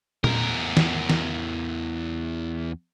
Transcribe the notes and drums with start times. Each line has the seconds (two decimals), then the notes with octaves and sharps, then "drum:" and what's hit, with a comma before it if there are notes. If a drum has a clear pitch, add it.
0.24 E2 A#4, drum: tom A#2
0.77 drum: snare
1.10 drum: snare